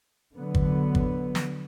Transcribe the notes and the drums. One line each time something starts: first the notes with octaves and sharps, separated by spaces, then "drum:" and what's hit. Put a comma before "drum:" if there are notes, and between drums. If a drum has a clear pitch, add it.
D3 F#3 B3
drum: kick
drum: kick
drum: snare